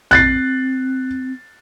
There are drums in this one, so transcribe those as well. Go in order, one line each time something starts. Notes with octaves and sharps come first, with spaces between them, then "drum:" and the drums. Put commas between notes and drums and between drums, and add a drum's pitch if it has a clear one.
C4 F#6 A6 C7, drum: tom A#1